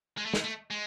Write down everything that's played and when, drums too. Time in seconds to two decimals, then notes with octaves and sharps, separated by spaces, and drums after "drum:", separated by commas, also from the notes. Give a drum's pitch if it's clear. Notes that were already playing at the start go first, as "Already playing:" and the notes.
0.17 G#3
0.25 A3
0.33 G#3, drum: snare
0.44 A3
0.71 G#3